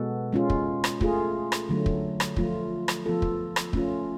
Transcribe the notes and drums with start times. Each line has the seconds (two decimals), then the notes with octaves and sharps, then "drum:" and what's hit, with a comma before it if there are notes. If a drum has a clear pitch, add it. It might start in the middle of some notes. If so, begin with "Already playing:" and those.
Already playing: B2 G#3 B3 F#4 A4
0.33 G#3 C#4 F4
0.50 drum: kick
0.84 drum: rim click
1.01 A3 F4 G#4, drum: kick
1.52 drum: rim click
1.69 D3 F#3 A3
1.86 drum: kick
2.20 drum: rim click
2.36 F3 A3 F4, drum: kick
2.88 drum: rim click
3.06 F3 B3 F4 A4
3.22 drum: kick
3.56 drum: rim click
3.73 A3 C#4 F4, drum: kick